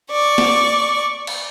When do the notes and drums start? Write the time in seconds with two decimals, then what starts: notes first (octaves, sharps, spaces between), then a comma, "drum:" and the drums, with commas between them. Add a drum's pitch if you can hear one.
0.11 D5 C#6
0.38 drum: snare
1.27 drum: cymbal